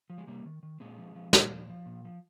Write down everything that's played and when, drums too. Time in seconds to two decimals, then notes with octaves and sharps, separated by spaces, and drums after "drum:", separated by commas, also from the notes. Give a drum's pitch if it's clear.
0.10 F3
0.18 G#3
0.27 C3 G3 A#3
0.45 D#3
0.63 D#3
0.80 A#2 G#3 C4
0.98 F3
1.15 F3
1.33 A#2, drum: snare
1.51 F3
1.69 F3
1.86 A#2
2.05 F3